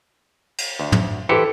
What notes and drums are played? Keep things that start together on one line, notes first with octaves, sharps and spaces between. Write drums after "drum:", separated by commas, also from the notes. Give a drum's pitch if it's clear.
drum: cymbal
D2
drum: tom
E3 G4 A4 C5 C#7